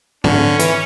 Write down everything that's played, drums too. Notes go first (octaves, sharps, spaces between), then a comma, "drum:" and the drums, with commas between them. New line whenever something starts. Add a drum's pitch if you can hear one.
D3 C#4, drum: tom G#2
E3, drum: hi-hat